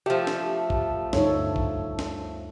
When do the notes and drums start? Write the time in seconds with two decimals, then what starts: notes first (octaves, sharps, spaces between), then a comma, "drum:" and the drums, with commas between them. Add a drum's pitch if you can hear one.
0.06 F3 A3 G4
0.27 drum: snare
0.70 drum: kick
1.13 D2 G2 D#4 A4 C#5, drum: snare
1.56 drum: kick
1.99 drum: snare